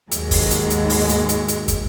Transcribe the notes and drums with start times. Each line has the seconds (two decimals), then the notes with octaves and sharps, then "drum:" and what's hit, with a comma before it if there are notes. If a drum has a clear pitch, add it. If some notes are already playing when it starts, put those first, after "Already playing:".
0.11 D#2 G#2 F#3 G#3, drum: hi-hat
0.31 drum: kick, open hi-hat
0.50 drum: hi-hat
0.70 drum: hi-hat
0.90 drum: open hi-hat
1.09 drum: hi-hat
1.29 drum: hi-hat
1.48 drum: hi-hat
1.68 drum: kick, hi-hat